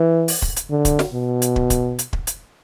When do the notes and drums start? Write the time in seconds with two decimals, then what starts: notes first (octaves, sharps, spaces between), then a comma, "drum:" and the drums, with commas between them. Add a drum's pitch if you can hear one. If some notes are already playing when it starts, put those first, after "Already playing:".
Already playing: E3
0.28 drum: open hi-hat
0.42 drum: kick
0.56 drum: hi-hat
0.70 D3
0.85 drum: kick, hi-hat
0.99 drum: snare
1.14 B2
1.42 drum: hi-hat
1.56 drum: kick
1.70 drum: kick, hi-hat
1.99 drum: hi-hat
2.13 drum: kick
2.27 drum: hi-hat